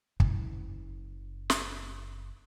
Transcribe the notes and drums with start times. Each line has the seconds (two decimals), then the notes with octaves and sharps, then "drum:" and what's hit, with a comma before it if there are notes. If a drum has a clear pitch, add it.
0.20 F#1 G#3, drum: kick
1.50 drum: snare